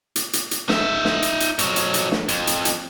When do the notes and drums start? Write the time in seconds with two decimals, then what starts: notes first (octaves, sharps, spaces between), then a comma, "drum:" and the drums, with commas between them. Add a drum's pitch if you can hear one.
0.16 drum: hi-hat
0.33 drum: hi-hat
0.51 drum: hi-hat
0.69 D#4 E5, drum: snare
1.05 drum: snare
1.22 drum: hi-hat
1.40 drum: hi-hat
1.59 F2 F#3, drum: hi-hat
1.76 drum: hi-hat
1.94 drum: hi-hat
2.12 drum: snare
2.28 F2, drum: hi-hat
2.47 drum: hi-hat
2.65 drum: hi-hat